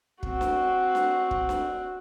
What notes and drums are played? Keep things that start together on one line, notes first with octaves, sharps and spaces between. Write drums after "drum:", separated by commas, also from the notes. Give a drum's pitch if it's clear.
C4 F#4, drum: kick
drum: snare D4
drum: snare D4
drum: kick
drum: snare D4